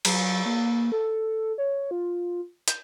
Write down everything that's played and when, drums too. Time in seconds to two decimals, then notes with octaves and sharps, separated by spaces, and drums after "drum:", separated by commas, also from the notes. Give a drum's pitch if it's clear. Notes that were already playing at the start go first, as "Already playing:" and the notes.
0.05 F#3, drum: cymbal
0.46 A#3
0.92 A4
1.58 C#5
1.91 F4
2.68 G6, drum: hi-hat